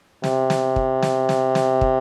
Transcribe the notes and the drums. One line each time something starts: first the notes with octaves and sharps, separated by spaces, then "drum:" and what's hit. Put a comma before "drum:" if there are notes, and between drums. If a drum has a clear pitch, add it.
C3, drum: snare
drum: snare
drum: kick
drum: snare
drum: snare
drum: snare
drum: kick